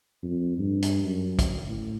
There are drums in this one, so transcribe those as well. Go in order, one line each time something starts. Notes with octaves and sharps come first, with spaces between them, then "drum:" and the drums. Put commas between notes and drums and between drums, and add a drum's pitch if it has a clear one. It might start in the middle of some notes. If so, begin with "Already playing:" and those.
F2
G2
drum: hi-hat
F#2
drum: kick, hi-hat
A2